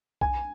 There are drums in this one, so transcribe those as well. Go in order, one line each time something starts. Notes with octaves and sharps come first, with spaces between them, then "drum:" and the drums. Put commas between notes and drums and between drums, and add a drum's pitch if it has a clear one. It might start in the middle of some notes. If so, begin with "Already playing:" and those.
G#5, drum: kick B1